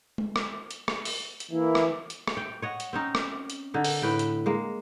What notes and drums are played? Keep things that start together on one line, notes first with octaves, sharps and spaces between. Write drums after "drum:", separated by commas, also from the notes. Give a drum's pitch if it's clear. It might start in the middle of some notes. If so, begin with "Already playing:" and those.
drum: tom G#3
drum: rim click
drum: hi-hat
drum: rim click
drum: open hi-hat
drum: hi-hat
E3 A#3 E4
drum: rim click
drum: hi-hat
drum: rim click
G5
C#5 D#5 F#5
drum: hi-hat
C4 C#4 D#4
drum: rim click
drum: hi-hat
D3 D#4
drum: open hi-hat
A2 B4 G5
drum: hi-hat
G#3 A#3